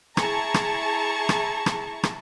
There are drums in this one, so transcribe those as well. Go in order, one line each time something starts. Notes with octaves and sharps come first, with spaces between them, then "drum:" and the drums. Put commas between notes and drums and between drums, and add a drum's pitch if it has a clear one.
E4 G#4 A5 A#5 C#6, drum: rim click
drum: rim click
drum: rim click
drum: rim click
drum: rim click